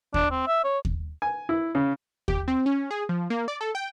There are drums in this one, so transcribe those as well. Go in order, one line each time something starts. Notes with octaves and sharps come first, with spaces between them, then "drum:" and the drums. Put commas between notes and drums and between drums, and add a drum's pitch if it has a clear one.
D4, drum: kick D#2
C4
E5
C#5
drum: kick D#2
G#5
E4
C#3
G4, drum: kick D#2
C4
C#4
G#4
F3
A#3
D5
A4
G5